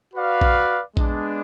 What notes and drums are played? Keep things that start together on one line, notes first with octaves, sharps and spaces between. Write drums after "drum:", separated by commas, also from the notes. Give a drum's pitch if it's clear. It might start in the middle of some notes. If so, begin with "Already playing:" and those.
F#4 B4 D5 F5
drum: kick A#1
G#3 B3 D4, drum: kick A#1